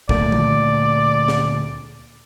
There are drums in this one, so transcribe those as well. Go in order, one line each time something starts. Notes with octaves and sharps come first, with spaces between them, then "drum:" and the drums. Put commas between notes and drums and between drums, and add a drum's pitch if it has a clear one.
D2 A#2 A3 D5, drum: kick
drum: tom D3
drum: snare